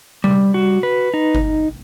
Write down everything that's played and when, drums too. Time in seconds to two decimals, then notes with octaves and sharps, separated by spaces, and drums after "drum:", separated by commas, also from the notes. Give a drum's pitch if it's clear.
0.24 G3, drum: tom C3
0.54 F#4
0.83 B4
1.14 D#4
1.35 drum: kick G1